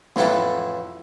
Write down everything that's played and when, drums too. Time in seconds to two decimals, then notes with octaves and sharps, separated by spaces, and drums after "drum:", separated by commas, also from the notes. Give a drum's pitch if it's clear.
0.16 A1 F2 E4 F#5 A5, drum: snare